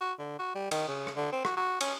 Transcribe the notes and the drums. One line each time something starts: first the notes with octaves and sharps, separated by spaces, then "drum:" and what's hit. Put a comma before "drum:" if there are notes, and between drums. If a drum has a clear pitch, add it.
F#4
D3
F#4
G3
D#3, drum: cymbal
C#3
drum: rim click
D3
C4
F#4, drum: rim click
F#4
C#4, drum: cymbal